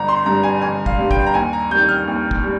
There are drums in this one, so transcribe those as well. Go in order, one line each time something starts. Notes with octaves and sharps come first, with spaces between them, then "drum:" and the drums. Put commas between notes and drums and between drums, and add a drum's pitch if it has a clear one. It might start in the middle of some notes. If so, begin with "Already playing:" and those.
Already playing: G1 A#5
C6
G2 G3 A#5
G#5
G1 G#5
F5, drum: kick
G2 G3
G5, drum: kick
A#5
D#2 G#5
A#5
D#3 G3 G6
F6
D#2
drum: kick
G3